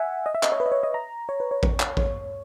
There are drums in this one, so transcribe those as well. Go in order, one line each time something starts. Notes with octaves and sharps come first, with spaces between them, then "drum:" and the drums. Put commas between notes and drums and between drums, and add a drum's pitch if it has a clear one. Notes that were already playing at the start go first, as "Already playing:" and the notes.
Already playing: E5 F#5 G#5
D#5
E5
D#5, drum: clap
C#5
B4
D#5
C#5
D#5
A#5
C#5
B4
C#5
drum: kick A1
drum: clap
C#5, drum: kick A1